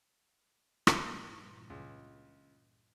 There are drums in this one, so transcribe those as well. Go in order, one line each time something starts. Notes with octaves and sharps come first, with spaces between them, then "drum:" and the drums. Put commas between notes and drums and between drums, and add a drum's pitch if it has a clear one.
drum: rim click
G2 A#2 E3
C#2